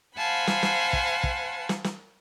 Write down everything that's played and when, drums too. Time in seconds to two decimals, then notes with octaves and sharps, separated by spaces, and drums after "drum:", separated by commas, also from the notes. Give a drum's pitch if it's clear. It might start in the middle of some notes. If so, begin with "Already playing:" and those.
0.17 C5 F5 F#5 G#5 A5 B5
0.47 drum: snare
0.63 drum: snare
0.93 drum: kick
1.24 drum: kick
1.69 drum: snare
1.84 drum: snare